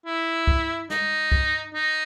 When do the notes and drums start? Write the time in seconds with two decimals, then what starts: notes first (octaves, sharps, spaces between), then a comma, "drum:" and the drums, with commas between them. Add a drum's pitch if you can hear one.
0.06 E4
0.47 drum: kick
0.90 D#4, drum: snare
1.32 drum: kick
1.74 D#4